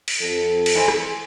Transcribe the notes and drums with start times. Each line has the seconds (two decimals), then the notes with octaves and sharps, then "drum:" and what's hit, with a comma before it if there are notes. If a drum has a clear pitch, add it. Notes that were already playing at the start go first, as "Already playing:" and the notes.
0.08 drum: cymbal
0.21 F2 A4
0.66 drum: cymbal
0.75 E3 C5 G#5
0.88 drum: rim click